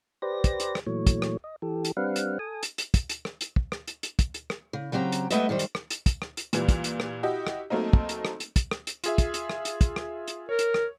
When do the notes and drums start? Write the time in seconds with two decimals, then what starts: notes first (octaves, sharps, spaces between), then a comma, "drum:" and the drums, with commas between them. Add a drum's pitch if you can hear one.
0.22 G4 B4 C5 D5 A#6
0.44 drum: kick, hi-hat
0.60 drum: hi-hat
0.75 drum: rim click
0.86 A#2 E3 F#3 A3 C#5
1.07 drum: kick, hi-hat
1.22 drum: rim click
1.44 D#5
1.62 E3 G4 A4
1.85 drum: hi-hat
1.97 G3 C4 D4 B4 F5 F#5
2.16 drum: hi-hat
2.39 A4 G#5 D#6
2.63 drum: hi-hat
2.78 drum: hi-hat
2.94 drum: kick, hi-hat
3.09 drum: hi-hat
3.25 drum: rim click
3.41 drum: hi-hat
3.56 drum: kick
3.72 drum: rim click
3.88 drum: hi-hat
4.03 drum: hi-hat
4.19 drum: kick, hi-hat
4.34 drum: hi-hat
4.50 drum: rim click
4.73 C#3
4.92 C#3 F#3 C4 G4 A#5
5.12 drum: hi-hat
5.31 G3 A3 B3 B4 D#5 E5, drum: hi-hat
5.49 F#2 D#3 G3 C5
5.59 drum: hi-hat
5.75 drum: rim click
5.90 drum: hi-hat
6.06 drum: kick, hi-hat
6.22 drum: rim click
6.37 drum: hi-hat
6.53 A#2 E3 G3, drum: hi-hat
6.68 drum: kick, hi-hat
6.84 drum: hi-hat
7.00 drum: rim click
7.23 E4 F#4 G4 D#5
7.47 drum: rim click
7.70 F#3 A3 A#3 C4 D#4
7.93 drum: kick
8.09 drum: hi-hat
8.25 drum: rim click
8.40 drum: hi-hat
8.56 drum: kick, hi-hat
8.71 drum: rim click
8.87 drum: hi-hat
9.04 F4 G#4 E5, drum: hi-hat
9.18 drum: kick, hi-hat
9.34 drum: hi-hat
9.49 drum: rim click
9.65 drum: hi-hat
9.81 drum: kick, hi-hat
9.96 drum: rim click
10.28 drum: hi-hat
10.49 A#4 C#5
10.59 drum: hi-hat
10.74 drum: rim click